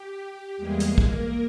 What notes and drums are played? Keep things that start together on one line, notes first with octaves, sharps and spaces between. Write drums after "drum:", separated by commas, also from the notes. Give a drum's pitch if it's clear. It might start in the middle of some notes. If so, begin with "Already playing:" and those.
Already playing: G4
E2 E3 G3 G#3 A#3 G#4
drum: hi-hat
A#3 A#4, drum: kick